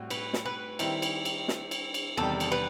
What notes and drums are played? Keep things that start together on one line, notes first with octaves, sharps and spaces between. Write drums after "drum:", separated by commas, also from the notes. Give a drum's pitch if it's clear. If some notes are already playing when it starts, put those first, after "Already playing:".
Already playing: A2 G3 C4 F#4
B4, drum: cymbal
drum: snare
B4
D#3 G3 C4 E4, drum: cymbal
drum: cymbal
drum: cymbal
drum: snare
drum: cymbal
drum: cymbal
E2 C3 D#3 G3 A4
drum: cymbal
B4